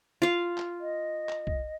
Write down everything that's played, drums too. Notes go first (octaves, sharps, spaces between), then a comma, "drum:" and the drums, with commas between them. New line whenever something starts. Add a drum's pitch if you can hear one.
F4 F5
drum: clap
D#5
drum: clap
drum: kick